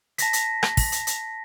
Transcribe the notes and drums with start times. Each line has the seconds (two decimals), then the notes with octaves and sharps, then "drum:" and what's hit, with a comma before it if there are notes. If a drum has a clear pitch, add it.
0.18 A5 A#6 B6, drum: hi-hat
0.33 drum: hi-hat
0.63 drum: rim click
0.77 drum: kick, open hi-hat
0.92 drum: hi-hat
1.07 drum: hi-hat